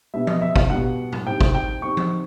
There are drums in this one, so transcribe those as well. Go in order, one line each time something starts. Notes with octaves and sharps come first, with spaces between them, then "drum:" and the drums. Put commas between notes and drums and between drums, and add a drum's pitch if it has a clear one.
B2 G3 B3 D4 E5
D#5, drum: tom F3
E5
F5, drum: kick
B2 G3 B3 D4 F#5
drum: tom G#2
D#3 G3 C4 G5
drum: kick
G5
D#3 G3 C4 C#6
drum: tom F3